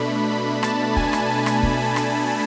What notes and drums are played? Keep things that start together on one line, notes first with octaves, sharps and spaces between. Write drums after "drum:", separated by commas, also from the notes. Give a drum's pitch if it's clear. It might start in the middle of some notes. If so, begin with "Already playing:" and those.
Already playing: B2 A3 D4 B5
B5
A5, drum: rim click
G#5, drum: kick
drum: rim click
A5
drum: rim click
drum: kick
drum: rim click